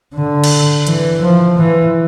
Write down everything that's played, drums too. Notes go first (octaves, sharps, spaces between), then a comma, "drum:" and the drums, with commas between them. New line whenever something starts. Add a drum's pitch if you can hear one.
D3
drum: cymbal
E3, drum: hi-hat
F3
E3